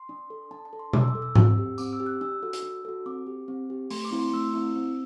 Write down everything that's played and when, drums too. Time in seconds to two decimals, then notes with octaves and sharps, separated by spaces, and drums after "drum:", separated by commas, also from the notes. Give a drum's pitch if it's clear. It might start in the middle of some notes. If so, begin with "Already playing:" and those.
Already playing: C6
0.09 D4
0.30 A4
0.51 D4 A5
0.65 A5
0.73 A4
0.79 C6
0.93 D4 D6, drum: tom B2
1.01 E6
1.08 D6
1.15 A4
1.22 E6
1.35 C4, drum: tom G#2
1.58 G4
1.78 C4 D6, drum: tambourine
1.93 E6
2.00 G4
2.06 F#6
2.21 D4 E6
2.43 F#4 A4
2.53 drum: hi-hat
2.63 D4
2.85 F#4 A4
3.06 C4 D6
3.26 G4
3.48 C4
3.70 G4
3.90 A3 C6, drum: open hi-hat
4.05 D6
4.11 C4 E4
4.19 C6
4.33 A3 E6
4.54 C4 E4
4.76 C4